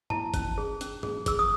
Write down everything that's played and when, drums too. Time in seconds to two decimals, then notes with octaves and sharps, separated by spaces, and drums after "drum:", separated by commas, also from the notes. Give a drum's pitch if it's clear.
0.10 E4 A5, drum: tom G2
0.34 C#4, drum: kick F#1, hi-hat
0.58 G#4
0.81 C#4, drum: hi-hat
1.03 G#4, drum: tom G2
1.26 G#4 E6, drum: kick F#1, hi-hat
1.39 D#6